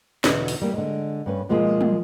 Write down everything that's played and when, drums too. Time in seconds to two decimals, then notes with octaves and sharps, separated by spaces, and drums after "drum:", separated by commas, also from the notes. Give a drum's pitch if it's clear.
0.24 E2 B2 D3 B3, drum: snare
0.48 drum: open hi-hat
0.62 G3 A#3
0.74 D3 G#3
1.26 G2 C#4 B4
1.49 B2 F3 G#3 A#3 F4 G#4
1.81 drum: tom